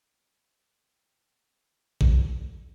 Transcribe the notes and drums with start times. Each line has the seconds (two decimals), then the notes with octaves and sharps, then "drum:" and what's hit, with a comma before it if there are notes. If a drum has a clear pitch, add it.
0.10 E3 C4
2.01 drum: kick